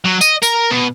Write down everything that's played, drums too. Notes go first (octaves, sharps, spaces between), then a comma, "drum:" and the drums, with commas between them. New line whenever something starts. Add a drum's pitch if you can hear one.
F#3
D#5, drum: tambourine
A#4, drum: tambourine
B2